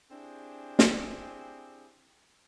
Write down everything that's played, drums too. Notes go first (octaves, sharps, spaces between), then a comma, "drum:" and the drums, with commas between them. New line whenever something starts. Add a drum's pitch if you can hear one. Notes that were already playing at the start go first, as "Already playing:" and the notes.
C4 D4 E4 G4 G#4
drum: snare